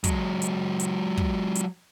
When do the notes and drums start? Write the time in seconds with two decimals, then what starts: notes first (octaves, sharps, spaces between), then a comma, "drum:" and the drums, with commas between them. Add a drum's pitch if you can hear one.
0.04 F#3 G#3, drum: kick, hi-hat
0.42 drum: hi-hat
0.80 drum: hi-hat
1.17 drum: kick
1.55 drum: hi-hat